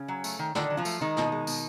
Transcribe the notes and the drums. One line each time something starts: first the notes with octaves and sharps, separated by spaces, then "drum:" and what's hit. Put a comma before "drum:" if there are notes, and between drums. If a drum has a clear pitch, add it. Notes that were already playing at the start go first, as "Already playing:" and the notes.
Already playing: C#3 C#4
F#3
A3, drum: tambourine
D#3
D3 D#3 D4, drum: snare
F#3
F3 F4
A3, drum: tambourine
D#3 G#3 D#4
B2, drum: snare
G#3
B2, drum: tambourine